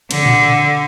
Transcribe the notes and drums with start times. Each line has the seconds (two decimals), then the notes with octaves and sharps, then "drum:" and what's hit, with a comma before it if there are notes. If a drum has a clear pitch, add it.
0.11 D3, drum: cymbal
0.26 drum: tom A#2